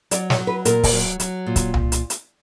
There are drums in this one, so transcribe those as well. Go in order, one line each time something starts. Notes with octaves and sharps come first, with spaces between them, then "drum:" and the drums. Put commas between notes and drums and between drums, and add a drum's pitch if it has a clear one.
F#3 D5, drum: hi-hat
C#5, drum: snare
F#3
B4
A#2 A#4, drum: hi-hat
drum: kick C#1, open hi-hat
F#3
F#3, drum: hi-hat
A#2
drum: kick C#1, hi-hat
drum: tom C2
drum: hi-hat
drum: hi-hat